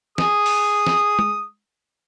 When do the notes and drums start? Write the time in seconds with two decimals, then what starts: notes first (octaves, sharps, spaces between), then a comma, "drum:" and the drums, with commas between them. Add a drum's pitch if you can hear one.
0.18 G#4 D#6, drum: snare
0.46 drum: open hi-hat
0.87 drum: snare
1.19 drum: tom